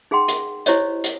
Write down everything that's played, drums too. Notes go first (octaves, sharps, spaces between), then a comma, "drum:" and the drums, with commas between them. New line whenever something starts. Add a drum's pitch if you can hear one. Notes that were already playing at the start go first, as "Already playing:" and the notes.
D#4 G#4 F#5 G5 C6
drum: hi-hat
E4 G4 C5 C#5 D#5, drum: hi-hat
drum: hi-hat